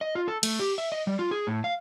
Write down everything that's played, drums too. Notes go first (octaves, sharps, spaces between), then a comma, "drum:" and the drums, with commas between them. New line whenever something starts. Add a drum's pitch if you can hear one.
D#5
F4
A4
A3, drum: cymbal
G4
E5
D#5
G3
F4
G#4
A2
F5